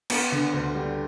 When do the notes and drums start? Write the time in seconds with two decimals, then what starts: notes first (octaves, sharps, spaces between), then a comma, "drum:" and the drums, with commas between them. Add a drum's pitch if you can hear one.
0.10 B3, drum: cymbal
0.32 D3
0.53 D2
0.75 G3